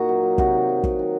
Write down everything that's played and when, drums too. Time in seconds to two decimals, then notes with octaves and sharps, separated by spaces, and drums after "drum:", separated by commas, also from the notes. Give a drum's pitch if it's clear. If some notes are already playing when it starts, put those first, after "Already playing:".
Already playing: A#2 A#3 D#4 F#4
0.09 F#3
0.23 F#3
0.38 C3 F#4, drum: kick
0.54 D#3
0.69 F#3
0.83 F#3, drum: kick
0.99 D#3